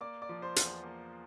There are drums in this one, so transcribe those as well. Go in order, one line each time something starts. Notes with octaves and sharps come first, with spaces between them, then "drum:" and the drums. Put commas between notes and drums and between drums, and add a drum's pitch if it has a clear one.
A#3 D5 D6
D5 D6
F3
C5 C6
E2, drum: hi-hat
A#3